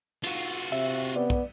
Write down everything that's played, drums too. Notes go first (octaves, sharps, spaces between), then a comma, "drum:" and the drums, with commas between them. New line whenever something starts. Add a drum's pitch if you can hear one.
F4 F#4, drum: cymbal
C3 E5
B3 D5
drum: kick